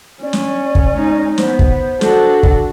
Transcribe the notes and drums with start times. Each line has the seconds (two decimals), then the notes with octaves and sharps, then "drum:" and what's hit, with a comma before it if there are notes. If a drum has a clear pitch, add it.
0.23 C#4 D5
0.33 drum: snare
0.75 drum: kick
0.92 G#3 D#4
1.38 B3 C5, drum: snare
1.59 drum: kick
2.01 D4 F#4 A4, drum: snare
2.43 drum: kick